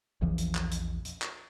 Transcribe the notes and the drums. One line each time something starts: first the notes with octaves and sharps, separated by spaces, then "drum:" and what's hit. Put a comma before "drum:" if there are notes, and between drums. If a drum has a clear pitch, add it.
A#1 E2 E3 F3
drum: hi-hat
drum: clap
drum: hi-hat
drum: hi-hat
drum: clap